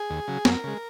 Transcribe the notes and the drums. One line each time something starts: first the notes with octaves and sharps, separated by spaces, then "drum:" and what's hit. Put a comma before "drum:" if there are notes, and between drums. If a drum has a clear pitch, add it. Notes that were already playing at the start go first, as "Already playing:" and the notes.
Already playing: G#4
D#2
C#3 F#3
F#2 A#4, drum: snare
C#3 G#3